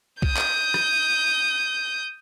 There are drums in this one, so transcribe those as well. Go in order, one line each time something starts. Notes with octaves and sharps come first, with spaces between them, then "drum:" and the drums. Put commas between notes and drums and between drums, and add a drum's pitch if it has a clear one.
D#6 G6, drum: kick
drum: clap
drum: rim click